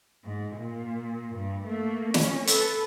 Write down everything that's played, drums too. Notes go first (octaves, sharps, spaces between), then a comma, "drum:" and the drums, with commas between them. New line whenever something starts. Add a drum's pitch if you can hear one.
G#2
A#2
G2
A3 A#3
C#4, drum: snare
A4 B4, drum: hi-hat